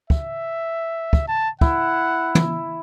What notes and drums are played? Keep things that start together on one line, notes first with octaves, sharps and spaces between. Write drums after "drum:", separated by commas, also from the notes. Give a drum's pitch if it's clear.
E5, drum: kick
drum: kick
A5
E4 F#5, drum: kick
drum: tom